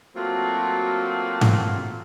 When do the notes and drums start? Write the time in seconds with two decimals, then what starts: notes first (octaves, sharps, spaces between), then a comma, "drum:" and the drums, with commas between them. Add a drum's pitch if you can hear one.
0.15 F#3 A3 A#3 C4 F4 F#4
1.41 drum: tom G#2